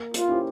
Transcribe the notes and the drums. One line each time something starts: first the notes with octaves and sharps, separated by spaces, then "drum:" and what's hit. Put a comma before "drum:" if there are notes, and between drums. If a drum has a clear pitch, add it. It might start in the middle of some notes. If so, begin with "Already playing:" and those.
Already playing: A#3
F4, drum: hi-hat
C#4 E4 G4 C5